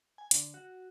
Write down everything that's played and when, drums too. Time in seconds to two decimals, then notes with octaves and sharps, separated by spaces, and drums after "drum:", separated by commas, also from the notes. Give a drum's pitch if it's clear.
0.18 G#5
0.31 D3, drum: hi-hat
0.54 F#4